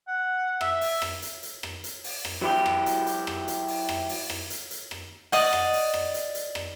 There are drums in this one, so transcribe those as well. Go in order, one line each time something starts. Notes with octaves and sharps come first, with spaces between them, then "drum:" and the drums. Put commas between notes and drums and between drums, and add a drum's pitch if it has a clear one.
F#5
E5, drum: rim click
drum: open hi-hat
drum: rim click
drum: hi-hat
drum: hi-hat
drum: rim click
drum: hi-hat
drum: open hi-hat
drum: rim click
F#3 E4 G4
drum: rim click
drum: hi-hat
drum: hi-hat
drum: rim click
drum: hi-hat
drum: open hi-hat
drum: rim click
drum: open hi-hat
drum: rim click
drum: hi-hat
drum: hi-hat
drum: rim click
D5 D#5 F#5, drum: open hi-hat
drum: rim click
drum: open hi-hat
drum: rim click
drum: hi-hat
drum: hi-hat
drum: rim click